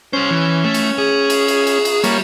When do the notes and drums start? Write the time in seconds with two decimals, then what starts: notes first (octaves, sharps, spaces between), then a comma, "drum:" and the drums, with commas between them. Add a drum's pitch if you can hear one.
0.13 G3 C#4 C5
0.30 E3
0.64 A3
0.74 drum: cymbal
0.98 G#4
1.30 drum: cymbal
1.48 drum: cymbal
1.67 drum: cymbal
1.85 drum: cymbal
2.04 G3 A#3 C#5, drum: cymbal